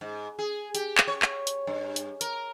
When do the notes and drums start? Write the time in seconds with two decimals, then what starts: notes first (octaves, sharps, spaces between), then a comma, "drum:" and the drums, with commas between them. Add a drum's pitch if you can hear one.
0.01 G#2
0.39 G#4
0.75 G4, drum: hi-hat
0.98 drum: clap
1.07 C#5
1.22 drum: clap
1.47 drum: hi-hat
1.67 G2
1.96 drum: hi-hat
2.21 A#4, drum: hi-hat